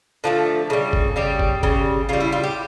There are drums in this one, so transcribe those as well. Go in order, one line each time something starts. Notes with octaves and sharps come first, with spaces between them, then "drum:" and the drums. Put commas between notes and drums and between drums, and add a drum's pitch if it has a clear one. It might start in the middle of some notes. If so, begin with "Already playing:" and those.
D3 F3 A3
C#3 G3
drum: kick G1
C#3 G3 G4
drum: kick G1
C#3 G3, drum: kick G1
C#3 G3 F4
E4
F4
G4